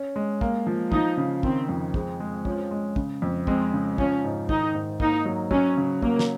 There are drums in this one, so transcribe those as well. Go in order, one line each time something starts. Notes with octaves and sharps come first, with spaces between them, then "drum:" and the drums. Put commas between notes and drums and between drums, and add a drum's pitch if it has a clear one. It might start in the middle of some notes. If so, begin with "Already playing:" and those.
Already playing: C#4
G#3
A#3, drum: kick
F3
F3 D#4, drum: kick
C#3
D#3 C4, drum: kick
F2
G#3 C4, drum: kick
G#3
F3 C#4, drum: kick
G#3
C#3, drum: kick
F2
G#3 C4, drum: kick
C#3
F3 C#4, drum: kick
G#2
D#3 D#4, drum: kick
G#2
A#3 D#4, drum: kick
F#3
F#3 C#4, drum: kick
C#3
F#3 A#3, drum: kick
drum: snare